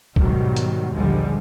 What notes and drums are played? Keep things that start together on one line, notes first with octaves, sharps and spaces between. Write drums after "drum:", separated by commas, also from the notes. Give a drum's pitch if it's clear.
G#2 B2 D#3 F#3 G3, drum: kick B1
drum: hi-hat
A#1 D#2 D3 F3 G3 G#3